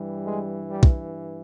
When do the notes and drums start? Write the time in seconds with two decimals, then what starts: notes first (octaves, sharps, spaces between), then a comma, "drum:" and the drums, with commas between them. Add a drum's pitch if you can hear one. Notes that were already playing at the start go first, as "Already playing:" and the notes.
Already playing: G2 E3 G3
0.24 G#3
0.70 G3
0.83 drum: kick